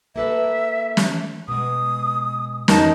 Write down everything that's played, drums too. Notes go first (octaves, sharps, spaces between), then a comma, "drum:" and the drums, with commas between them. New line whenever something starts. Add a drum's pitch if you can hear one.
A#3 A4 B4 E5
drum: snare
B2 G#3 D#6
F2 D#4 A#4 A5, drum: snare